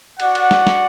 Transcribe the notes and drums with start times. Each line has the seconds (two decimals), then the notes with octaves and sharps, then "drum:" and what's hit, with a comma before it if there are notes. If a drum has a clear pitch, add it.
0.20 F#4 D5 F#5, drum: cymbal
0.35 drum: cymbal
0.51 drum: snare
0.67 drum: snare